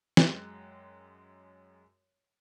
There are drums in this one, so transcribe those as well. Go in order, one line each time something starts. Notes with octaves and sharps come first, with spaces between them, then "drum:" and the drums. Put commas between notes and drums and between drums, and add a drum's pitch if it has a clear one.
F#2 G#3 G5 F#6, drum: snare